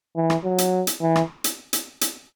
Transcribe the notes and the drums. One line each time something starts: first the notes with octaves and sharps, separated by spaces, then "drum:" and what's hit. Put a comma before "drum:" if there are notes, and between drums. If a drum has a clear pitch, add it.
E3
drum: rim click
F#3
drum: hi-hat
drum: hi-hat
E3
drum: rim click
drum: hi-hat
drum: hi-hat
drum: hi-hat